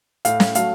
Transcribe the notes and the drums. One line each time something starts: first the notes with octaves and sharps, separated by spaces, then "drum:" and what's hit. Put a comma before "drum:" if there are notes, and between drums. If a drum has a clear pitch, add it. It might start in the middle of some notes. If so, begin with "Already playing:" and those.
A2 F5, drum: hi-hat
drum: snare
F#3 A3 F5, drum: hi-hat